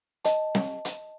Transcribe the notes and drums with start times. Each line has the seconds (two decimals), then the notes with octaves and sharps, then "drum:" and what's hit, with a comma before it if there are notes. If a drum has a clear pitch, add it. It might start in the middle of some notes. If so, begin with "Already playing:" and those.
0.25 D#5 A5, drum: hi-hat
0.55 drum: snare
0.85 drum: hi-hat